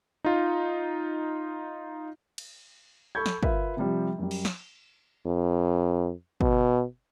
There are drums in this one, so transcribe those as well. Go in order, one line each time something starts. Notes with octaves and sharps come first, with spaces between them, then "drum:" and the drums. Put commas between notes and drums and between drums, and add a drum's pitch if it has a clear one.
D#4 F4
drum: cymbal
A4 B5 C#6 G6 G#6
drum: snare
F4 A#4 B4 E5 F5, drum: kick
C3 F3 G3
F#2 G3
drum: cymbal
drum: snare
F2
B2, drum: kick